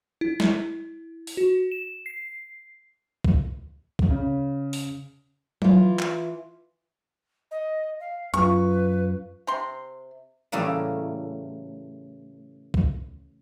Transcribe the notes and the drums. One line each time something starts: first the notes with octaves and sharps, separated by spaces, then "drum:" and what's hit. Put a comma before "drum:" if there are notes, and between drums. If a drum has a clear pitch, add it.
E4
drum: snare
drum: open hi-hat
F#4
E7
C7
drum: kick
drum: kick
C#3
drum: open hi-hat
E3 F4, drum: tom F#3
drum: clap
D#5
F5
F#2 F4 B4 C#6, drum: hi-hat
C3 C6
A2 C#3 E3 G3 A#3
drum: kick